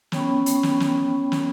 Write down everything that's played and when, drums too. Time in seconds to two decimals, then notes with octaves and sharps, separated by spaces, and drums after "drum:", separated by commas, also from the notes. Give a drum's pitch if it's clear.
0.12 B3 C#4 C#5 G5 B5 C#6, drum: snare
0.46 drum: hi-hat
0.63 drum: snare
0.80 drum: snare
1.32 drum: snare